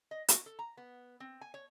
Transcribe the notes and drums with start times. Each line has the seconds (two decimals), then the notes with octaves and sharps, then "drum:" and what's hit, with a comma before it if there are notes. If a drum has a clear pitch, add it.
0.11 D#5
0.28 F#4, drum: hi-hat
0.46 A4
0.59 A#5
0.77 B3
1.20 C4
1.41 G#5
1.54 C#5